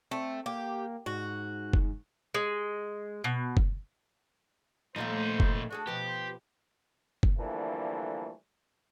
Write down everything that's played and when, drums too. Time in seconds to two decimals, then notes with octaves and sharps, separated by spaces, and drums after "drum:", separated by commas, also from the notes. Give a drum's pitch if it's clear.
0.11 A3 C4
0.46 A#3 G4
1.06 G#2 F#4
1.73 drum: kick F#1
2.35 G#3
3.24 B2
3.57 drum: kick F#1
4.96 A#2 F3 A3 D#4 C5 F5
5.40 drum: kick F#1
5.71 D4 F#4 G#4 A4
5.87 B2 F3 B3 G4
6.08 C5
7.23 drum: kick F#1
7.38 D3 E3 F3 G3 A3 A#3